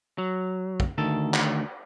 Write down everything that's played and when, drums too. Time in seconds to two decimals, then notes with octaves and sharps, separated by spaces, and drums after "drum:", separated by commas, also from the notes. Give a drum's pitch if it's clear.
0.18 F#3
0.80 drum: kick
0.98 D2 D#3 A4
1.34 drum: clap